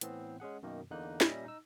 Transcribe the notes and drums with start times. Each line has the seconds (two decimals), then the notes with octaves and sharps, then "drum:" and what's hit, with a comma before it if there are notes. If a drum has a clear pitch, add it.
0.01 A2 E3 B3 C4, drum: hi-hat
0.40 G#3 C#4 G#4 F#5
0.63 F#2 B2 D#3 A#3
0.91 E2 D3 A#3 D#4 F#6
1.21 A#2 G3 C#4 D#5 E5 A#6, drum: snare
1.45 D#4 E6